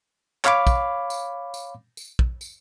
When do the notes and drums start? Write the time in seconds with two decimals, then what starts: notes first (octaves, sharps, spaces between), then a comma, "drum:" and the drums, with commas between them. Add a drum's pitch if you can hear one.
0.45 C#5 F5 B5 D6, drum: clap
0.67 drum: kick, tambourine
1.10 drum: tambourine
1.54 drum: tambourine
1.97 drum: tambourine
2.19 drum: kick
2.41 drum: tambourine